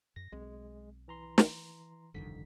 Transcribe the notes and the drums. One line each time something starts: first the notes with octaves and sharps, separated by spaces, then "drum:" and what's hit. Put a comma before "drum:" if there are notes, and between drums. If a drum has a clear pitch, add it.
F#2 A#6
B1 G#3 C4
E3 A#5 C6
drum: snare
G1 C2 F2 D3 D#3 B6